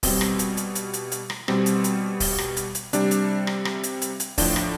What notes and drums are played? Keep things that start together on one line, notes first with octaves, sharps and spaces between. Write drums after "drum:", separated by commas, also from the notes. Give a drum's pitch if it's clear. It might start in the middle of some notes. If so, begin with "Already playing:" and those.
B2 G3 C4, drum: kick, open hi-hat
drum: rim click
drum: hi-hat
drum: hi-hat
drum: hi-hat
drum: hi-hat
drum: hi-hat
drum: rim click
B2 G3 C4, drum: rim click
drum: hi-hat
drum: hi-hat
drum: kick, open hi-hat
drum: rim click
drum: hi-hat
drum: hi-hat
C3 G3 D4, drum: hi-hat
drum: hi-hat
drum: rim click
drum: rim click
drum: hi-hat
drum: hi-hat
drum: hi-hat
A2 F3 D4, drum: kick, open hi-hat
drum: rim click